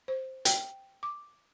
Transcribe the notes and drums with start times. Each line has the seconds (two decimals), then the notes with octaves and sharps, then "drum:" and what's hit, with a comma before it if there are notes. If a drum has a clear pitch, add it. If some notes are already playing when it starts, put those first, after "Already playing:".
0.08 C5
0.45 G5, drum: hi-hat
1.03 D6